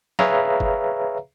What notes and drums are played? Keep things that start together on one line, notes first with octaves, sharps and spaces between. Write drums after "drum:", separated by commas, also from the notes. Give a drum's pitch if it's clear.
G#4 B4 C#5 E5 F5 A#5, drum: snare F#3
drum: kick F#1